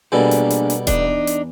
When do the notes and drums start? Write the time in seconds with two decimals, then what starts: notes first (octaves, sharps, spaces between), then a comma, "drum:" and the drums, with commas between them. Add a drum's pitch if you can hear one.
0.12 B2 G3 A#3 D4 G#4 A4
0.31 drum: hi-hat
0.50 drum: hi-hat
0.70 drum: hi-hat
0.87 E2 D4 D#4, drum: kick D#1, hi-hat
1.27 drum: hi-hat